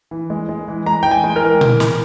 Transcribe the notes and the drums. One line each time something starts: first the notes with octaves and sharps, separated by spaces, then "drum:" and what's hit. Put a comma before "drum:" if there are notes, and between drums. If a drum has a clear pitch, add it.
E3
G#3
G#3
E3
G#3 A#5
E3 G5
G#5
G#3
A#4
E3
E3, drum: tom A#2
E3, drum: snare